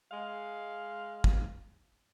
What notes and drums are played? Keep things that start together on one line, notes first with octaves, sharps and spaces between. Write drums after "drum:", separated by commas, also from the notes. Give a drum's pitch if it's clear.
G#3 F5
drum: kick